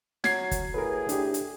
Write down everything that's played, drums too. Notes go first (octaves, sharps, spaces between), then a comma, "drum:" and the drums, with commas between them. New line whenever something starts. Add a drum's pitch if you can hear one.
F#3 G#6 C7, drum: snare
drum: kick, hi-hat
A2 G#4 A#4 B4
D4 G4, drum: hi-hat
drum: hi-hat